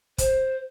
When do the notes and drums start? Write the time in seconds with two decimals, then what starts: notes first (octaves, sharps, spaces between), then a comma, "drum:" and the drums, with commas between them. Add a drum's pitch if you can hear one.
0.18 C5, drum: kick, hi-hat